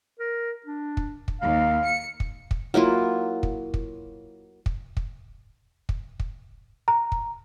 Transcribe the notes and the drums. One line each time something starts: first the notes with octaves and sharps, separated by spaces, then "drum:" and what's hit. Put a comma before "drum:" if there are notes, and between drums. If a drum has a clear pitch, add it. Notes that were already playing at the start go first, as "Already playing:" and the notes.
A#4
D4
drum: kick
drum: kick
D#2 F5
C#7
drum: kick
drum: kick
F#3 A#3 E4 F4
drum: kick
drum: kick
drum: kick
drum: kick
drum: kick
drum: kick
A#5
drum: kick